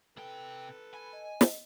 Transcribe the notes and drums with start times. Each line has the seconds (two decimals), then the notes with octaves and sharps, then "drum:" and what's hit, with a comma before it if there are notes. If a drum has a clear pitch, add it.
0.17 C3 A4 B4 G5
0.94 G#5 B5
1.13 D#5
1.41 drum: snare